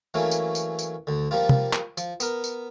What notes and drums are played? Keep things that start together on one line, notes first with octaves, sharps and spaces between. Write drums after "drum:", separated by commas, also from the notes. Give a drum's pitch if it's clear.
E3 F#3 A3 A#3 C#4
drum: tambourine
drum: tambourine
drum: tambourine
D2 D3
F3 G3 A#3 F4
drum: tom C3
drum: clap
F3, drum: tambourine
B3 A#4, drum: tambourine
drum: tambourine